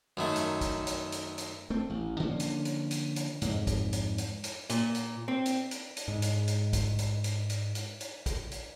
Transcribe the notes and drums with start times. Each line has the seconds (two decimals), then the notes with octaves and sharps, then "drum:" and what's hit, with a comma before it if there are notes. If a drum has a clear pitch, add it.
0.17 F#2 D#3 A3
0.36 drum: hi-hat
0.61 drum: kick, hi-hat
0.87 drum: hi-hat
1.12 drum: hi-hat
1.38 drum: hi-hat
1.70 A3 C4
1.90 A1
2.20 D3 F3 A#3 C#4
2.40 drum: hi-hat
2.65 drum: hi-hat
2.91 drum: hi-hat
3.16 drum: hi-hat
3.42 F2 G#2, drum: hi-hat
3.67 drum: kick, hi-hat
3.93 drum: hi-hat
4.18 drum: hi-hat
4.44 drum: hi-hat
4.70 A#2, drum: hi-hat
4.95 drum: hi-hat
5.28 C4
5.46 drum: hi-hat
5.71 drum: hi-hat
5.97 drum: hi-hat
6.08 G#2 G#3
6.22 drum: hi-hat
6.48 drum: hi-hat
6.73 drum: kick, hi-hat
6.99 drum: hi-hat
7.24 drum: hi-hat
7.50 drum: hi-hat
7.75 drum: hi-hat
8.01 drum: hi-hat
8.26 drum: kick, hi-hat
8.51 drum: hi-hat